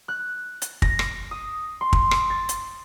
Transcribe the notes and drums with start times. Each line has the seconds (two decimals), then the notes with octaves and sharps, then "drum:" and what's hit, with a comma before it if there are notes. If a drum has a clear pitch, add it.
0.08 F#6
0.62 drum: hi-hat
0.82 A#6, drum: kick
0.99 drum: rim click
1.31 D#6
1.81 C6
1.93 drum: kick
2.11 drum: rim click
2.30 A6
2.49 drum: hi-hat